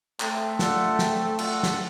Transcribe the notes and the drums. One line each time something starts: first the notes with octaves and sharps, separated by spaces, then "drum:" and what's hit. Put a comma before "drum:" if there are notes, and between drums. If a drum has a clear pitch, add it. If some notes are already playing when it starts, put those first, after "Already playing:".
A3 C4, drum: clap
F4 A4 D5 F#5, drum: snare
C4, drum: snare
F4 A4 D5 F#5, drum: cymbal
drum: snare